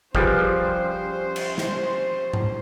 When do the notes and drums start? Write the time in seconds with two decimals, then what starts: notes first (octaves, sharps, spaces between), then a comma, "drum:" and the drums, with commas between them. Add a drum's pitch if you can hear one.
0.15 F3 G3 C#4 G4 G#4 B4 C5, drum: kick
1.36 drum: cymbal
1.58 drum: snare
2.33 drum: tom G#2